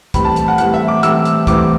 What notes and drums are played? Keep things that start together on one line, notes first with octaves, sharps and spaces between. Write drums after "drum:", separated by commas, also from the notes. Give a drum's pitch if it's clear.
A2 E3 G3 C4 B5, drum: kick, hi-hat
A5
drum: hi-hat
F#5
A2 E3 G3 C4 F#5, drum: hi-hat
E5
D6
A2 E3 G3 C4 E6, drum: hi-hat
drum: hi-hat
A2 E3 G3 C4 D6, drum: kick, hi-hat